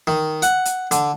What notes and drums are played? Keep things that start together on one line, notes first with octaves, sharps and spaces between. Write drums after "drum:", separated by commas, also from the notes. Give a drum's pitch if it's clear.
D#3
F#5, drum: hi-hat
drum: hi-hat
D3, drum: hi-hat